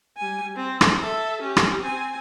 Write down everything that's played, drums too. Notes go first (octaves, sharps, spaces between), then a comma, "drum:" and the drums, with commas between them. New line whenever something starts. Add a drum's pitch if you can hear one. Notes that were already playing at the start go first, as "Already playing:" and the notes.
G3 G#5
C4
drum: rim click
A4 E5
C#4 G4
drum: rim click
C4 G#5